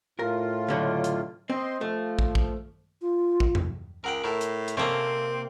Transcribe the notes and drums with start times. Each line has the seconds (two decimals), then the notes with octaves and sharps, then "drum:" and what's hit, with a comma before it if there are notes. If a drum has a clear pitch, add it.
0.19 A2 F4 A#4
0.68 C#2 D3 F#3
1.04 drum: hi-hat
1.50 C4 D#5 C6
1.81 F3 A3
2.19 drum: kick
2.35 drum: kick
3.01 F4
3.40 drum: kick
3.55 drum: tom E2
4.04 C#2 A#4 F#5 G5
4.24 A2 A4 A#4
4.41 drum: hi-hat
4.68 drum: hi-hat
4.77 C3 A#3 C4 C#4 A4 D#5